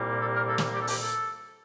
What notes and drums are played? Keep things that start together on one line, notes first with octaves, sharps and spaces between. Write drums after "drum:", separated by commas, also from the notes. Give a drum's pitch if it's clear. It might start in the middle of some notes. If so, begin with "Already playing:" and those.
Already playing: C2 A#2 G3 A#3
A4
A#4
A4
drum: snare
G4
A4
G4, drum: open hi-hat
A4